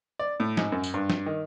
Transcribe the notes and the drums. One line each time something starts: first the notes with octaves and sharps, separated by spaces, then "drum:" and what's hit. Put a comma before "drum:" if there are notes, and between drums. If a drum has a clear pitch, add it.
D5
A2
G#2, drum: snare
F#2
drum: tambourine
G2
drum: snare
D#3